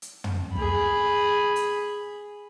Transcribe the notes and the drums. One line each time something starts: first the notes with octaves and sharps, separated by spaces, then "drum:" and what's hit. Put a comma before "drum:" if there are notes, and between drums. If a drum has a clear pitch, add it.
drum: hi-hat
drum: tom
G#4 B5, drum: kick
drum: hi-hat